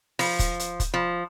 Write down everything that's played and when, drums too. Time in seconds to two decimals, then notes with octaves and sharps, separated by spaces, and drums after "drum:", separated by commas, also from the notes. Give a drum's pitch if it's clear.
0.19 F3, drum: open hi-hat
0.39 drum: kick, hi-hat
0.59 drum: hi-hat
0.80 drum: kick, hi-hat
0.94 F3